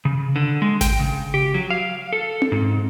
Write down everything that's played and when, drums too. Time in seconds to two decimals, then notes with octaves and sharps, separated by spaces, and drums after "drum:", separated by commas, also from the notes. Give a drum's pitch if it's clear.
0.05 C#3
0.36 D3
0.62 G#3
0.81 G5, drum: snare G#1
0.99 C#3
1.34 G4
1.54 F#3
1.70 F5
2.13 A4
2.42 drum: tom C4
2.52 G#2